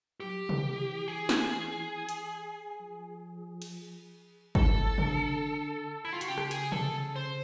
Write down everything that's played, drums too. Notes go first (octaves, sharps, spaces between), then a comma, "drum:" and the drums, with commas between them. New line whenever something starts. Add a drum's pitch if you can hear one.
F#3 G4
E3, drum: tom C3
E3
G#4
drum: snare
drum: hi-hat
F3
drum: cymbal
E3 A4, drum: kick
D3, drum: tom C3
E4
F4
F#4, drum: hi-hat
C#3 G4
drum: rim click
G#4, drum: cymbal
A4, drum: tom B2
C5